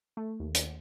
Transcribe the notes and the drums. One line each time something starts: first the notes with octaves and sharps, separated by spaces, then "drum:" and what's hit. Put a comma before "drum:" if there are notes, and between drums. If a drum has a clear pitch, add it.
A3
D#2
drum: hi-hat